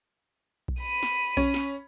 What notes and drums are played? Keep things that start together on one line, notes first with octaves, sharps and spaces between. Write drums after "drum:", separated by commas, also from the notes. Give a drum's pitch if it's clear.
drum: kick B1
B5 D#7
drum: snare
C#4, drum: kick B1
drum: snare